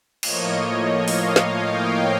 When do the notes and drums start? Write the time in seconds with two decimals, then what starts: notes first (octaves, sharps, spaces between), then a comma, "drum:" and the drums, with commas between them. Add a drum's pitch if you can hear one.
0.23 A2 F3 A#3 C#5 D#5, drum: cymbal
1.08 D#5 F5, drum: open hi-hat
1.36 D#5 F5, drum: snare
1.64 F5 G5